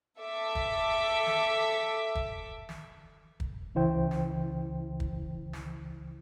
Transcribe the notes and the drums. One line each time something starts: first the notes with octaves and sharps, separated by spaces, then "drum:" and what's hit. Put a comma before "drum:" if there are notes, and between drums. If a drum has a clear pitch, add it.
A4 E5 D6 B6
drum: kick
drum: snare
drum: kick
drum: snare
drum: kick
C#2 C#3 E3 E4 C5 G5
drum: snare
drum: kick
drum: snare